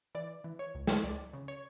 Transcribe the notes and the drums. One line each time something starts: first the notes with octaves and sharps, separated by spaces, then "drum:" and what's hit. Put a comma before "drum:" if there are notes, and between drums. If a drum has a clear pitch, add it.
E3 D5
E3
C#5
C#2
drum: snare
C#2 D5
C#3
C#5